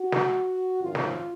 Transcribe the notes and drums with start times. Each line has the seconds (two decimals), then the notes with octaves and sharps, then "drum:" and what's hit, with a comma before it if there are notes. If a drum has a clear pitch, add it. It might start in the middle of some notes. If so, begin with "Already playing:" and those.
Already playing: F#4
0.12 drum: snare
0.82 G#1 F#2 F3 F4
0.95 drum: snare